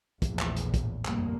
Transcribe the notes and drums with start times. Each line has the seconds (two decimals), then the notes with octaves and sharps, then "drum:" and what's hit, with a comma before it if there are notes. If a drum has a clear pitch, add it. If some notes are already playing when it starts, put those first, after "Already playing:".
0.22 A#1 E2 A2, drum: kick, hi-hat
0.39 drum: clap
0.56 drum: hi-hat
0.74 drum: kick, hi-hat
1.05 F1 G2 A#3, drum: clap